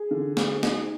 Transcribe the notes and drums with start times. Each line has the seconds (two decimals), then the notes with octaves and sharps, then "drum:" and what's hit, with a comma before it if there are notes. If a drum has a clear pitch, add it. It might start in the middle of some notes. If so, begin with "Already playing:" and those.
Already playing: G#4
0.11 D3
0.37 G#3, drum: snare
0.63 D#4, drum: snare